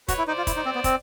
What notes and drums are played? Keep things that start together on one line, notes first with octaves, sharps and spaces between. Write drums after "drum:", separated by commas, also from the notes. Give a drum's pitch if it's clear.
F#4 B4 C#5, drum: kick, hi-hat
E4
D#4 C5 D5
F4
E4, drum: kick, hi-hat
D#4
C4
B3
C4, drum: kick, hi-hat